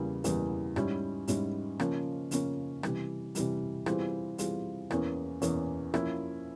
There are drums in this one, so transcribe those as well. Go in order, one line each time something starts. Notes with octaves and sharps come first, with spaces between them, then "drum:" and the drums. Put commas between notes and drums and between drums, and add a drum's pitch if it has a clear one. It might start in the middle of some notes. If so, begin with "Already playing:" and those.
Already playing: E2 C#3 E3 G3 A#3
E2 C#3 E3 G3 A#3, drum: hi-hat
G#2 G3 C#4 E4, drum: rim click
G#2 G3 C#4 E4, drum: hi-hat
C#3 F3 A#3 C#4, drum: rim click
C#3 F3 A#3 C#4, drum: hi-hat
C3 E3 G3, drum: rim click
C3 E3 G3, drum: hi-hat
E3 G3 C4 F4 G#4, drum: rim click
E3 G3 C4 F4 G#4, drum: hi-hat
E2 E3 A#3 C#4, drum: rim click
E2 E3 A#3 C#4, drum: hi-hat
F3 A#3 C#4 E4, drum: rim click